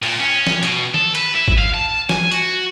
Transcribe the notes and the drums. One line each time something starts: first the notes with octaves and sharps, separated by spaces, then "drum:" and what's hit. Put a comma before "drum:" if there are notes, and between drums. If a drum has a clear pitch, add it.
A#2, drum: cymbal
C#4
drum: snare
B2, drum: hi-hat
A4, drum: tom D#3
B4, drum: cymbal
E4
drum: kick
F5
A5
G#5, drum: snare
F#4, drum: hi-hat